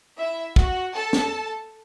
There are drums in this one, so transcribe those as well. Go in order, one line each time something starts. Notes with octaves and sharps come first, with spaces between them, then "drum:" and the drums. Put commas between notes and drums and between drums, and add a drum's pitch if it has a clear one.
E4 E5
F#4 F#5, drum: kick
A4 A5
drum: snare